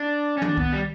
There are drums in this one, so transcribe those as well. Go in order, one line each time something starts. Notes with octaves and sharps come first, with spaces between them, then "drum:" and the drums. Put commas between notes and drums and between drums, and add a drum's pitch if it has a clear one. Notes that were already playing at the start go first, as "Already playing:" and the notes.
Already playing: D4
C#4
D4, drum: tom D#3
B3, drum: kick C2
G3